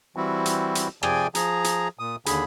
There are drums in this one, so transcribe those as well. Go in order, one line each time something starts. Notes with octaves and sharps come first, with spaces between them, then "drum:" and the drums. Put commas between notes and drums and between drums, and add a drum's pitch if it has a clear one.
E3 G3 C4 E4 F#4
drum: hi-hat
drum: hi-hat
C3 F3 G#4 D5 G5 G#5, drum: rim click
F3 G#4 A#5, drum: hi-hat
drum: hi-hat
A#2 D#6
D#2 D3 G#4 B5, drum: hi-hat